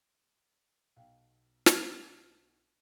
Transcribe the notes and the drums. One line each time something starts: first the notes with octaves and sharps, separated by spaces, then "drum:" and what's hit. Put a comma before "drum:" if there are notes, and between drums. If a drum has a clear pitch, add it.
B1 F5 G5
drum: snare
D4